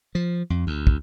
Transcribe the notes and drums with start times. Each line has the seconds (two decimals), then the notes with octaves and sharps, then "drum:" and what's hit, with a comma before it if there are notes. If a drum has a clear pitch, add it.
0.15 F3
0.50 F2
0.67 D2
0.87 drum: kick